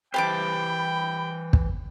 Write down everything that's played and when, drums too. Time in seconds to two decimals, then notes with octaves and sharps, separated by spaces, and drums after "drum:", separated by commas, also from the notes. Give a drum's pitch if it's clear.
0.14 E3 G4 B4 C5 G5 A5 B5 D6
1.53 drum: kick